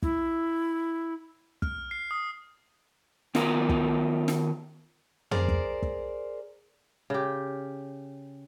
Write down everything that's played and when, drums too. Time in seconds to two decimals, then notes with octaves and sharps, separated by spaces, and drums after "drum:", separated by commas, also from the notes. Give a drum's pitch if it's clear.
0.02 E4, drum: kick
1.62 F6, drum: kick
1.91 C7
2.11 D#6
3.35 D#3 B3 F4 A#4, drum: snare
3.69 drum: kick
4.28 drum: snare
5.31 G#4 A#4 C5 D5, drum: tom
5.48 drum: kick
5.82 drum: kick
7.10 C#3 G4